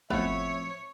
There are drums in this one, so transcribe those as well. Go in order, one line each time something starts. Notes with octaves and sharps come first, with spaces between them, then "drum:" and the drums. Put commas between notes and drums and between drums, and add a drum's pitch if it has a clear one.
A2 F3 A3 B3 C4 C#5 E5 F5, drum: kick G1